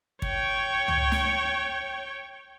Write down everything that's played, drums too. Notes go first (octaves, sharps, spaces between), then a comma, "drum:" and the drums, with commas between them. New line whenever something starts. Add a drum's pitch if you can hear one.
C#5 G5, drum: kick
drum: tom C#2
drum: snare